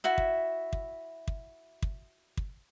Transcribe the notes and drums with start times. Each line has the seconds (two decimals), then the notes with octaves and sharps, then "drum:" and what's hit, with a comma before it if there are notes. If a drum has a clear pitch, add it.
0.04 E4 F#4 E5
0.18 drum: kick
0.73 drum: kick
1.28 drum: kick
1.83 drum: kick
2.37 drum: kick